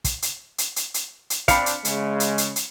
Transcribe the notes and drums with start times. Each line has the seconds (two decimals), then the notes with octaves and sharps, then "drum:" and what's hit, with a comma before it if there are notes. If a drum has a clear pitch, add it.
0.04 drum: kick, hi-hat
0.22 drum: hi-hat
0.58 drum: hi-hat
0.76 drum: hi-hat
0.94 drum: hi-hat
1.30 drum: hi-hat
1.48 C4 D4 F5 B5 C#7, drum: kick, hi-hat
1.66 drum: hi-hat
1.85 C#3 G#3, drum: hi-hat
2.20 drum: hi-hat
2.38 drum: hi-hat
2.56 drum: hi-hat